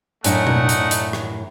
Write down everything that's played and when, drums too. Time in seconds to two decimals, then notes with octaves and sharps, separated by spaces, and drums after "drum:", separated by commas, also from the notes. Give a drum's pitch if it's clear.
0.24 F#2 A2 A3 D4 D#4 F#5, drum: hi-hat
0.47 drum: tom B2
0.69 drum: hi-hat
0.91 drum: hi-hat
1.13 drum: rim click